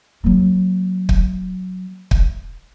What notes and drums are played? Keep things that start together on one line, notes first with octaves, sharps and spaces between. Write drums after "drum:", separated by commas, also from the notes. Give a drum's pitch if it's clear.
F#3 A#3
drum: kick
drum: kick